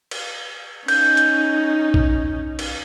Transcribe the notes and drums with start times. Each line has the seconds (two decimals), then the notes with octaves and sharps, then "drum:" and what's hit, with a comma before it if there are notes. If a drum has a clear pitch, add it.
0.11 drum: cymbal
0.88 C#4 D#4 G6, drum: cymbal
1.17 drum: hi-hat
1.94 drum: kick A#1
2.59 drum: cymbal